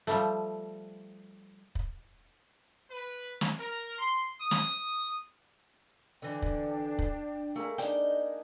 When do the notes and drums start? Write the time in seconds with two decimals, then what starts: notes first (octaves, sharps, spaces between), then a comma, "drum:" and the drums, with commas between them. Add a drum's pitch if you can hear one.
0.07 F3 G3 A3, drum: hi-hat
1.75 drum: kick
2.90 B4
3.41 drum: snare
3.59 A#4
3.99 C6
4.40 D#6
4.51 drum: snare
6.22 D3 E3 D4 G5
6.42 drum: kick
6.99 drum: kick
7.56 A3 A#3 G#4 A#4
7.78 D4 D#4 G5, drum: hi-hat